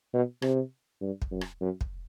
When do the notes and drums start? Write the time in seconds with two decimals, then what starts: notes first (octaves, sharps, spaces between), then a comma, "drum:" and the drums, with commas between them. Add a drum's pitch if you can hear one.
0.13 B2
0.42 C3, drum: rim click
1.02 G2
1.22 drum: kick
1.32 F#2
1.41 drum: rim click
1.61 F#2
1.81 drum: kick